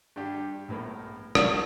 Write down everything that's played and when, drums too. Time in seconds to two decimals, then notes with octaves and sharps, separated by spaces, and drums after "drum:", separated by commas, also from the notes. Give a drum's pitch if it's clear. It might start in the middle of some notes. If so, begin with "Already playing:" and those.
0.16 G2 D4 G4
0.68 A#1 A2 B3 A#4
1.35 B1 C#6, drum: rim click